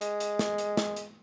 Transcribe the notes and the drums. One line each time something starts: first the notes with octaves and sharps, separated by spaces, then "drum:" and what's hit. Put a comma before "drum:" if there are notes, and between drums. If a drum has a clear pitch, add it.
G#3, drum: hi-hat
drum: hi-hat
drum: snare
drum: hi-hat
drum: snare
drum: hi-hat